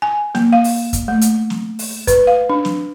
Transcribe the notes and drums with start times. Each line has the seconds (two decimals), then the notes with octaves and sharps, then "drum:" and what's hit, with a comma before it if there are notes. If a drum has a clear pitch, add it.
0.02 G#5
0.35 A#3, drum: snare
0.53 F5
0.64 drum: open hi-hat
0.93 drum: kick, hi-hat
1.08 A3
1.21 drum: hi-hat
1.50 drum: snare
1.79 drum: open hi-hat
2.07 B4, drum: kick, hi-hat
2.27 F5
2.50 D4
2.65 drum: snare